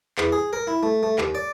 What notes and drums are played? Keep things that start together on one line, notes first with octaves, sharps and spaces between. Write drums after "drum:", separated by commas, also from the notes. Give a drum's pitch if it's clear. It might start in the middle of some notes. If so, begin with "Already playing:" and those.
E2, drum: clap
G#4
A#4
E4
A3
A3
D#2, drum: clap
D5